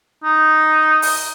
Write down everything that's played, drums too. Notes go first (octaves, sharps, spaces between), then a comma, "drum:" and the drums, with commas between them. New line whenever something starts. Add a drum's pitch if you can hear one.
D#4
drum: open hi-hat